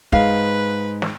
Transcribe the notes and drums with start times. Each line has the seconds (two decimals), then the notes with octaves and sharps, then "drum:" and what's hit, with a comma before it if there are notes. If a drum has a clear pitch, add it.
0.12 G#2 G#3 B4 F5, drum: kick
1.02 drum: snare